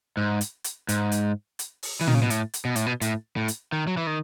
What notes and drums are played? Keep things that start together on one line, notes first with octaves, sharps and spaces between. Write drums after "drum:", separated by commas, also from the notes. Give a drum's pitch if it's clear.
G#2
drum: hi-hat
drum: hi-hat
G#2, drum: hi-hat
drum: hi-hat
drum: hi-hat
drum: open hi-hat
E3
D#3, drum: tom
C#3
B2
A2, drum: hi-hat
drum: hi-hat
B2
A2, drum: hi-hat
B2
A2, drum: hi-hat
A2
drum: hi-hat
D#3
F#3
E3
D#3